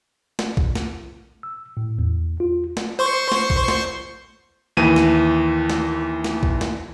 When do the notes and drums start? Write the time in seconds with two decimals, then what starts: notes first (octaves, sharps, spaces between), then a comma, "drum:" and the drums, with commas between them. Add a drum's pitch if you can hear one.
0.39 drum: snare
0.57 drum: kick
0.75 drum: snare
1.43 E6
1.77 A2
1.99 E2
2.40 F4
2.77 drum: snare
2.99 C5 C6 C#6
3.32 drum: snare
3.50 drum: kick
3.68 drum: snare
4.77 D#2 E3 D#7
4.96 drum: snare
5.70 drum: snare
6.24 drum: snare
6.43 drum: kick
6.61 drum: snare